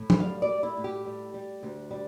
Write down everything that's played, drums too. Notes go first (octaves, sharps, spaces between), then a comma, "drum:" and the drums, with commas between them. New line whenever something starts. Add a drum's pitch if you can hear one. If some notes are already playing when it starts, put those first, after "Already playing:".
Already playing: A2
drum: tom
G3 F5
D5
G3
E4
A2
G4
G3
G3
D2
G3